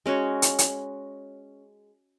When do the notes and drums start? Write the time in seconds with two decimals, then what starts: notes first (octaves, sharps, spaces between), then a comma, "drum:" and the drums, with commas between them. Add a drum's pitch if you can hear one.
0.06 G#3 C#4 F#4 C#5
0.42 drum: hi-hat
0.59 drum: hi-hat